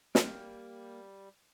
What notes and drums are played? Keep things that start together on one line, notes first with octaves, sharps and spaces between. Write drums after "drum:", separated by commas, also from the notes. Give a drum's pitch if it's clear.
G3 A#3 G5 F6, drum: snare